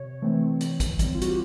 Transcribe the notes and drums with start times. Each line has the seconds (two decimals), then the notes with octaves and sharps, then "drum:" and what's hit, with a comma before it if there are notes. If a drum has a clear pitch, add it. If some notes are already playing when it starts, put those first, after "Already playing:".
Already playing: C3 C#5
0.22 E3 A3 C4
0.61 E3, drum: hi-hat
0.80 drum: kick, hi-hat
0.99 G3 C4, drum: kick, hi-hat
1.14 F4
1.22 F#4, drum: hi-hat
1.29 G4